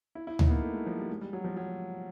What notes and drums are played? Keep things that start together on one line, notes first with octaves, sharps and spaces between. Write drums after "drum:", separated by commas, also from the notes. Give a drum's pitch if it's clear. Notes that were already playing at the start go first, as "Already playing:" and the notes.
E4
E4
D#4, drum: tom D2
B3
A#3
A3
G#3
F3
G3
G#3
G3
F#3
F3
F#3